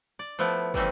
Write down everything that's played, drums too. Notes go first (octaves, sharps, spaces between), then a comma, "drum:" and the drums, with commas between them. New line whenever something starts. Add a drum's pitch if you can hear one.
D5
F3 A3 B3 E4
E3 G3 A3 C4 C#4, drum: kick